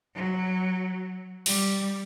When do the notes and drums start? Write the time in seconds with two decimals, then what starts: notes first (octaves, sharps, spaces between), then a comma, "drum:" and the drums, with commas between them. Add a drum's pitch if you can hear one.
0.15 F#3
1.46 G3, drum: open hi-hat